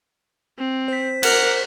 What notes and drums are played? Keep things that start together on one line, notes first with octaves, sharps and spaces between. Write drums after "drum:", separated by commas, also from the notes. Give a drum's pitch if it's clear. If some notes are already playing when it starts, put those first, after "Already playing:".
C4
C5 B6
A#4 F#5, drum: cymbal